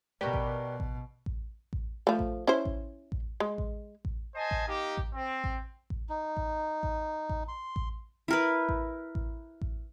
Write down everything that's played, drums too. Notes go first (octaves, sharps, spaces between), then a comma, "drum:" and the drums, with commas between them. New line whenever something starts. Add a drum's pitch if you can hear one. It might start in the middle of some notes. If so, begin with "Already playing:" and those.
B2 G4 A#4 B4 D5 C#6
drum: kick A1
drum: kick A1
drum: kick A1
drum: kick A1
F3 A3
drum: kick A1
C#4 E4 C5
drum: kick A1
drum: kick A1
G#3
drum: kick A1
drum: kick A1
C5 D#5 G#5 A5
drum: kick A1
A#3 D#4 G4
drum: kick A1
C4
drum: kick A1
drum: kick A1
D#4
drum: kick A1
drum: kick A1
drum: kick A1
C6
drum: kick A1
E4 A#4 B4
drum: kick A1
drum: kick A1
drum: kick A1